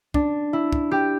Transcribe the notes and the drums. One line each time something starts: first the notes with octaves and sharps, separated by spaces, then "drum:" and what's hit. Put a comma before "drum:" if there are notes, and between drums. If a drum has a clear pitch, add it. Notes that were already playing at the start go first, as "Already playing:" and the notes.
D4, drum: kick
E4
drum: kick
G4